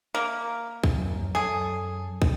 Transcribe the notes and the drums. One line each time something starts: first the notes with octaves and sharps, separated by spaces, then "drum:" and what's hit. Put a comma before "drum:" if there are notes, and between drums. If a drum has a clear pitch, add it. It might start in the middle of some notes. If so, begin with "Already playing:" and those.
A#3
drum: kick
F#2
F#2 G#4 A4
drum: kick